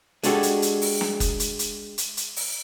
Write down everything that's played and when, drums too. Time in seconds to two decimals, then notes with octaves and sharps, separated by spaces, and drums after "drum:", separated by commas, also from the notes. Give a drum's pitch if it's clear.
0.23 G#3 D4 F#4 G4 A4, drum: hi-hat
0.43 drum: hi-hat
0.62 drum: hi-hat
0.82 drum: open hi-hat
1.01 drum: snare
1.20 drum: kick F#1, hi-hat
1.40 drum: hi-hat
1.59 drum: hi-hat
1.98 drum: hi-hat
2.17 drum: hi-hat
2.36 drum: open hi-hat